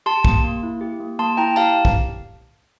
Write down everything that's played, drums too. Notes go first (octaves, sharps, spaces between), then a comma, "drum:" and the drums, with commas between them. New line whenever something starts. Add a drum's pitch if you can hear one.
G4 A5 C6
A#3, drum: kick
A#3
E4
G4
A#3
A#3 A5 C6
E4 G5 A#5
G4 F5 A5, drum: tambourine
drum: kick